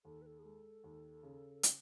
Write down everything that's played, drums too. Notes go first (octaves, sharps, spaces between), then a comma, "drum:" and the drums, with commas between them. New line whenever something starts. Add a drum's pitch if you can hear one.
D#2 A4
B4
A4
G#4
G#3 A4
D#2
C#3
G#4, drum: hi-hat